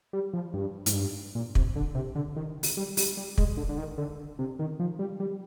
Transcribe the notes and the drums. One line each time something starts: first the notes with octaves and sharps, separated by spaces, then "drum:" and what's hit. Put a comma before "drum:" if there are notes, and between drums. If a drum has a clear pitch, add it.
G3
F3
G2
G#2, drum: hi-hat
G2
A#2
C3, drum: kick
D3
C3
D3
D#3
drum: open hi-hat
G3
G3, drum: open hi-hat
G3
G#3, drum: kick
D3
D3
D#3
D3
C3
D#3
F3
G3
G3